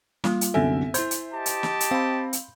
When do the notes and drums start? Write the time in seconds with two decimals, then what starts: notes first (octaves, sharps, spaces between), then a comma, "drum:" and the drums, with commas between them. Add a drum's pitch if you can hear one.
0.24 G3 A#3 F4, drum: snare
0.41 drum: hi-hat
0.54 C2 F#2 D3 B3 C4 A4 E5 G#5
0.94 E4 C5 C6 G6, drum: hi-hat
1.11 drum: hi-hat
1.33 G4 D#5 A5
1.46 drum: hi-hat
1.63 drum: snare
1.80 drum: hi-hat
1.91 C4 F5 B5
2.33 drum: hi-hat